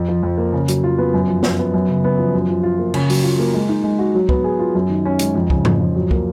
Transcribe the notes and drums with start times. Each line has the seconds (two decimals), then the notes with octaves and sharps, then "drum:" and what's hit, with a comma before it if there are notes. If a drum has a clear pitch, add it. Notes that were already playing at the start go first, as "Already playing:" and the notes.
Already playing: F2
0.08 F3
0.23 F2
0.38 A#3
0.53 C#3
0.68 F#3, drum: hi-hat
0.84 F4
0.98 B3
1.14 F#2
1.28 F3
1.43 F#2, drum: snare
1.59 B3
1.74 F#2
1.88 C#3
2.04 B3
2.19 F3
2.34 F#2
2.49 F3
2.63 F4
2.79 A#3
2.94 C#3, drum: cymbal
3.10 F#3, drum: open hi-hat
3.24 F4
3.39 A#3
3.54 G#3
3.69 D#4
3.84 G#3
3.99 F#4
4.15 F#3
4.29 B3, drum: kick
4.44 G#4
4.59 F4
4.75 F#2
4.90 D#3
5.05 C#4
5.19 G#3, drum: hi-hat
5.35 F2
5.50 C#3, drum: kick
5.65 F2, drum: tom
5.80 F3
5.95 F#3
6.11 A#3, drum: kick